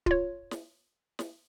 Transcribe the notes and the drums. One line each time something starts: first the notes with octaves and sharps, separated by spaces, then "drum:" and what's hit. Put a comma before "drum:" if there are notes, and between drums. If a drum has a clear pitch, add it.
F4 C#5, drum: kick C#1
drum: snare
drum: snare